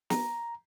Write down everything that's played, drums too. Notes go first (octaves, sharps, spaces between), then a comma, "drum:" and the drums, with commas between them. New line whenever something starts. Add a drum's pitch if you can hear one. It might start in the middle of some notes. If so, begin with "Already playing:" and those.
A#5, drum: snare